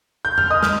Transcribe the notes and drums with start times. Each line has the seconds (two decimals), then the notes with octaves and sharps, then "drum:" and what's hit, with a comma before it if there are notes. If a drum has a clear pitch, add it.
0.25 G6
0.38 F6, drum: tom F2
0.50 D#5 D#6
0.63 F6, drum: snare